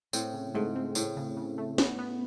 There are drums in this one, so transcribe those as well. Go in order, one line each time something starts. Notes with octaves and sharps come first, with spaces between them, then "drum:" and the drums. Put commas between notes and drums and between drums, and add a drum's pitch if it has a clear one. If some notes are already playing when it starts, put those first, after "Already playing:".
A2 C4, drum: tambourine
C#3
G#2 A3
C4
A2 A3, drum: tambourine
C#3
C#3
A3
B3, drum: snare
B3